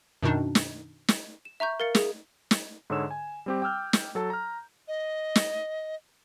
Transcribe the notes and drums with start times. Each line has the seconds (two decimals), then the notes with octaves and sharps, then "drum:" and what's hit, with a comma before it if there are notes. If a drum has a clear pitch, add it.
0.23 F#2 B2 D#3 D4 D#4
0.55 drum: snare
1.08 drum: snare
1.45 E7
1.60 E5 A#5 C#6 G6
1.80 A#4 F5 A6 C#7
1.95 G#4, drum: snare
2.51 drum: snare
2.90 G#2 D3 G#4 C#5 E6 E7
3.11 G#5
3.46 G3 C4 G4
3.62 G5 D6 E6 F6 G6
3.93 drum: snare
4.15 F#3 A4 A5
4.30 A#5 F6
4.88 D#5
5.35 drum: snare